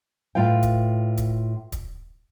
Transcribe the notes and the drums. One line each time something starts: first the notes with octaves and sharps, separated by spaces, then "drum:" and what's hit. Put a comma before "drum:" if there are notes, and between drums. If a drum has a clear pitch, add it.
A2 F4 B4 F5 G5
drum: kick, hi-hat
drum: kick, hi-hat
drum: kick, hi-hat